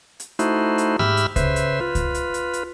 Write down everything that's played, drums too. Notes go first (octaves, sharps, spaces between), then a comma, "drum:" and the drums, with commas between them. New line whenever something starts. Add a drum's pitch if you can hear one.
drum: hi-hat
A3 D#4 E4 F#4 C5, drum: hi-hat
drum: hi-hat
G#2 G4 E5 B5 E6 F6, drum: snare A#3
drum: hi-hat
C#3 B4 C5 E5, drum: kick C#2, hi-hat
drum: hi-hat
F4 B4
drum: kick C#2, hi-hat
drum: hi-hat
drum: hi-hat
drum: hi-hat